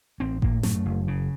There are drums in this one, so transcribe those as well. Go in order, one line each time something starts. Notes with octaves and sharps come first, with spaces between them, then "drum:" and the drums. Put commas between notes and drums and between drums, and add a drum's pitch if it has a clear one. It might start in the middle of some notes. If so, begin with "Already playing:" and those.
A1 C4
A2 A#3, drum: kick G#1
F#2 A3, drum: snare
F#1
C#3